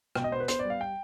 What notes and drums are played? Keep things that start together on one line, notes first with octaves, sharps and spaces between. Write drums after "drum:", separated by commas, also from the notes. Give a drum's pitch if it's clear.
B2 G5, drum: rim click
D#5
B3 C5
B4
B3 C5, drum: hi-hat
D5
G3
F5
G5